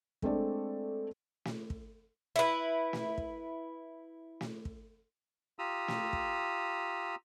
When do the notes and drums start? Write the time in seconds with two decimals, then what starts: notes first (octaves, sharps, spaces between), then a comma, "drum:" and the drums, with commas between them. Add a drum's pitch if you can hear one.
0.22 G#3 A3 C4 D4 A4 D5, drum: kick
1.45 drum: snare
1.70 drum: kick
2.36 E4 B4
2.93 drum: snare
3.18 drum: kick
4.41 drum: snare
4.65 drum: kick
5.59 F4 G4 A#5 D#6 E6
5.88 drum: snare
6.13 drum: kick